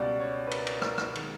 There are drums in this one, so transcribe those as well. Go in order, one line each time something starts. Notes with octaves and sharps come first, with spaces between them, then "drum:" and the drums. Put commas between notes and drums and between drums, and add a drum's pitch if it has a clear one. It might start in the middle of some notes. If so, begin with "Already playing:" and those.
Already playing: C#2 B2 G3 D5
C#5
B4
A#4, drum: cymbal
drum: cymbal
A#4, drum: rim click
drum: rim click
D#3 G#3, drum: cymbal